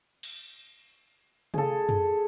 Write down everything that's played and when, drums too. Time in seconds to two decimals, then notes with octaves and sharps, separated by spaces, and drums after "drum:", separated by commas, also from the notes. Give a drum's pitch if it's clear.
0.23 drum: cymbal
1.54 G#4 A4, drum: tom C3
1.89 drum: tom